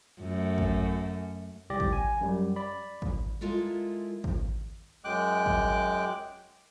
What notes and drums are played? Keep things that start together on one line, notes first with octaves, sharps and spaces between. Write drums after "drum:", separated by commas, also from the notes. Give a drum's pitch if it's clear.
F#2 A3
drum: kick G#1
C2 G4 D5 A#6
drum: kick G#1
G#5
F#2 G3
D5 B5
drum: kick G#1
G#3 E4 F4 A4 A#4
drum: kick G#1
F#2 G#3 G5 D6 F#6
drum: kick G#1